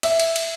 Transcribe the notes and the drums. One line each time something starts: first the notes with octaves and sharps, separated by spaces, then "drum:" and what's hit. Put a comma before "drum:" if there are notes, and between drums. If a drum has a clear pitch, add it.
E5, drum: cymbal
drum: cymbal
drum: cymbal